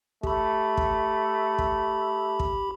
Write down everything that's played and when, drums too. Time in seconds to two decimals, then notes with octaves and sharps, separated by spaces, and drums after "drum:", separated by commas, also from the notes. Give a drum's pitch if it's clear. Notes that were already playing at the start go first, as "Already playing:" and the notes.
0.23 A3 G4 B5, drum: kick
0.77 drum: kick
1.58 drum: kick
2.39 drum: kick